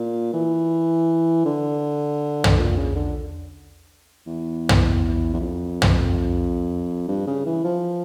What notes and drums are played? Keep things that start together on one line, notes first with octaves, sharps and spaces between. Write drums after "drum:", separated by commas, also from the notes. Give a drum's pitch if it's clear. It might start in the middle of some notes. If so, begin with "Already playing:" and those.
Already playing: A#2
E3
D3
drum: tom
A#2
C#3
D3
E2
drum: tom
E2
F2
drum: tom
G2
C#3
E3
F3